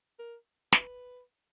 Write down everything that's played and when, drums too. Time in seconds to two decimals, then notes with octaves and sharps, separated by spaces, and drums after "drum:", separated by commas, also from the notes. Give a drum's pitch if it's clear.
0.19 A#4
0.72 B4, drum: snare